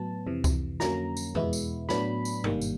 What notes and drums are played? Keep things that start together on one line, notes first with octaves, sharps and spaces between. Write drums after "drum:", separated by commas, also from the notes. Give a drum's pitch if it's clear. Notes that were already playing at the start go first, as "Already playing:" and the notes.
Already playing: A2 F#3 B3 A5
F2 C3 E3
drum: kick C#2, tambourine
F2 D3 F#3 A#3 C#4 A#5, drum: snare
drum: tambourine
E2 B2 G#3 B3 E4, drum: tom F2
drum: tambourine
A2 F#3 B3 D4 B5, drum: snare
drum: tambourine
G#1 G2 D#3 G3 A#3, drum: tom
drum: tambourine